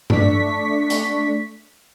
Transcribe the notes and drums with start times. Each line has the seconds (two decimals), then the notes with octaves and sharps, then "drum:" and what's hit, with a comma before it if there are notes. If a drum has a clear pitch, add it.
0.10 A3 D4 C#6 B6, drum: tom G2
0.90 drum: hi-hat